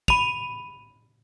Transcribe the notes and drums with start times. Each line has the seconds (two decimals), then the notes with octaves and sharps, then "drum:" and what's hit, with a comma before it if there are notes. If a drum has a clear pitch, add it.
0.08 B5 D#7 F7, drum: kick